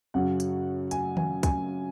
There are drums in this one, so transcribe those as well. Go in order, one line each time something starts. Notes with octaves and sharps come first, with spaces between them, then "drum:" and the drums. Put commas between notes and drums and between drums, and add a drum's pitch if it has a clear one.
F#2 C#3 F#3 C#4 F#5
drum: hi-hat
G#5, drum: hi-hat
G#5, drum: tom D#3
G#5, drum: kick C2, hi-hat